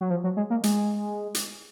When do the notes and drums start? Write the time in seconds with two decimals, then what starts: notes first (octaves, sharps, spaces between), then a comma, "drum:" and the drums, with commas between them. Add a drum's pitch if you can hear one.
0.01 F#3
0.10 F3
0.24 F#3
0.37 G#3
0.50 A#3
0.64 G#3, drum: hi-hat
1.35 drum: hi-hat